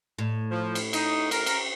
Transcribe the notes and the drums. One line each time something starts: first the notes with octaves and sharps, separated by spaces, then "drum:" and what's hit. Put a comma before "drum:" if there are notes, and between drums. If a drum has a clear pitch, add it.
A2
F3
drum: cymbal
D#4, drum: cymbal
A#4, drum: cymbal
drum: cymbal